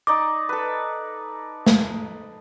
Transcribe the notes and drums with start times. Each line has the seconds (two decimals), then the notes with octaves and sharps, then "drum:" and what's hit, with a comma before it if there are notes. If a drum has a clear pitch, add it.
0.07 D#4 D5 D#5 D6
0.49 A4 B4
1.66 drum: snare